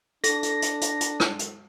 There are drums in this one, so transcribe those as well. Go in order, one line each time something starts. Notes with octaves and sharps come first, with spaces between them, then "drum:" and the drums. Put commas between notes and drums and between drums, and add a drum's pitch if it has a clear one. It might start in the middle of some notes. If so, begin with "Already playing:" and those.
D4 A4 A#6, drum: hi-hat
drum: hi-hat
drum: hi-hat
drum: hi-hat
drum: hi-hat
drum: rim click
drum: hi-hat